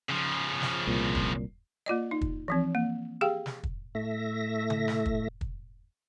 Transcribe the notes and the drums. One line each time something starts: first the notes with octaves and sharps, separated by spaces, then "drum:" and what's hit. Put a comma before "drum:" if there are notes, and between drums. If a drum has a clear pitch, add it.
C#3 F3
drum: snare
C2 A#2
drum: kick
A#3 F4 D5 D#5
D#4
drum: kick
E3 F3 C4
A#3
G4 G#4 F5 G5
drum: snare
drum: kick
A2 A3 E5 A#6
drum: tom C#3
drum: snare
drum: kick
drum: kick